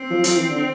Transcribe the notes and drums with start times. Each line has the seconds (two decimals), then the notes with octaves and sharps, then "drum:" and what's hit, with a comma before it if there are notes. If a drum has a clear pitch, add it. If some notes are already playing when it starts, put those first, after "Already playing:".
Already playing: C4
0.10 F3
0.24 F3, drum: hi-hat
0.36 E3
0.49 D3